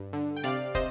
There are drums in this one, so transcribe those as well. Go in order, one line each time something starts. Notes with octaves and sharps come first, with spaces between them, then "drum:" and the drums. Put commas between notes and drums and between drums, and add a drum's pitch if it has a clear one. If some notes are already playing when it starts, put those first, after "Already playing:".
Already playing: G2
D3
G5
C3 D5 F5, drum: hi-hat
C3 C5 D#5, drum: kick, hi-hat